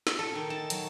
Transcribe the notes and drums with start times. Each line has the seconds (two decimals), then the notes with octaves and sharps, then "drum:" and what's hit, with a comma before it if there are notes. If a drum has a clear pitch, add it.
0.07 drum: snare
0.19 A4
0.35 D#3
0.50 A5
0.70 F#3, drum: hi-hat